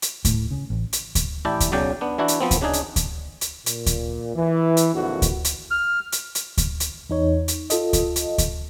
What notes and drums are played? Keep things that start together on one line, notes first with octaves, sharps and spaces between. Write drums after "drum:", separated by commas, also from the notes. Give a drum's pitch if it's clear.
drum: hi-hat
A2, drum: kick D2, hi-hat
C#3
A1
drum: hi-hat
drum: kick D2, hi-hat
A1 E4 G4 D5 G5 A5
drum: kick D2, hi-hat
B1 C#3 F#3 D5 G5
B3 D4
E3 D4 E4 F#4
drum: hi-hat
F3 B3 C4
drum: kick D2, hi-hat
C#3 D4 D#4 G#4
drum: hi-hat
drum: kick D2, hi-hat
drum: hi-hat
A#2, drum: hi-hat
drum: kick D2, hi-hat
E3
drum: hi-hat
A#1 F2 D3 E3 F#4
drum: kick D2, hi-hat
drum: hi-hat
F6
drum: hi-hat
drum: hi-hat
drum: kick D2, hi-hat
drum: hi-hat
E2 D#4 C#5
drum: hi-hat
F4 A4 D#5, drum: hi-hat
drum: kick D2, hi-hat
drum: hi-hat
drum: kick D2, hi-hat